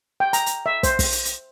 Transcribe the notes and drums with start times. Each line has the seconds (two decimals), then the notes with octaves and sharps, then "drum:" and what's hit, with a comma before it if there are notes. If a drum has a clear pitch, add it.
0.20 G5
0.33 A#5, drum: hi-hat
0.46 drum: hi-hat
0.66 E5
0.83 C5, drum: kick, hi-hat
0.99 drum: kick, open hi-hat
1.12 drum: hi-hat
1.25 drum: hi-hat